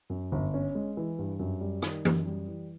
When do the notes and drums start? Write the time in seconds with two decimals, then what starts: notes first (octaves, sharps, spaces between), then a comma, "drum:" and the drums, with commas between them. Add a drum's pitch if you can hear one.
0.10 F#2
0.32 G1
0.54 C#4
0.75 G#3
0.97 E3
1.19 G2
1.39 F#2
1.61 G3
1.82 D#3, drum: rim click
2.05 F#2, drum: tom E3
2.27 G3
2.47 E3